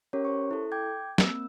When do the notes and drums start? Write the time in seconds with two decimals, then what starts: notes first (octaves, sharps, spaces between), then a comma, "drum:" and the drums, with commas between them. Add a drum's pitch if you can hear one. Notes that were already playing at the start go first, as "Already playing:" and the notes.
0.13 C#4 G4 A#4 C#5
0.25 C5 C#6
0.51 E4 A4
0.72 G5 D6 G6 G#6
1.18 A#3 C4 E6, drum: snare